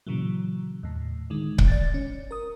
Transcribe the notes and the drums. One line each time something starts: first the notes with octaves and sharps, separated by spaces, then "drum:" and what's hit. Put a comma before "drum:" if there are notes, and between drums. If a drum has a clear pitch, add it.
A#2 C#3 E3 F#3
D#2 A2
D3 D#3 G#3
drum: kick C#1
D5 A6
C#4
A#4 D#6